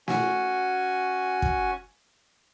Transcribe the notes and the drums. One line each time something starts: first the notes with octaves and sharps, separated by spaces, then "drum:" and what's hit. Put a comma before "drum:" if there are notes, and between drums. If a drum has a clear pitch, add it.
C#4 F#4 G#5, drum: snare
drum: kick